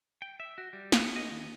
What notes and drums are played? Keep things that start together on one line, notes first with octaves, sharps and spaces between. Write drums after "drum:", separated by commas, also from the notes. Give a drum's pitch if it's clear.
G5
E5
F#4
G3
B3, drum: snare
D#5
D#2